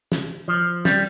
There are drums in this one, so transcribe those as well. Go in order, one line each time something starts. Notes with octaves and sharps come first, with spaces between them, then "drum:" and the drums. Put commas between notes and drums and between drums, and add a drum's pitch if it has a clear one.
drum: snare
F3
G3, drum: snare